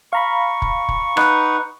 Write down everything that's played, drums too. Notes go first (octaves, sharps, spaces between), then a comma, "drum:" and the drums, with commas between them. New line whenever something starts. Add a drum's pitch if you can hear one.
F5 A#5 B5 C#6
drum: kick
drum: kick
D#4 B4 F#5, drum: rim click